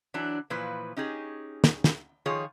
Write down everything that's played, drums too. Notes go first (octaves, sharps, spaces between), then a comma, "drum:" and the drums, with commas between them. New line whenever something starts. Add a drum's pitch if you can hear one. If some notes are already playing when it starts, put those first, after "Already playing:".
E3 F#3 D4
A#2 E3 F3 B4
C#4 D#4 G4 G#4
drum: snare
drum: snare
D#3 F3 F4 G#4 C#5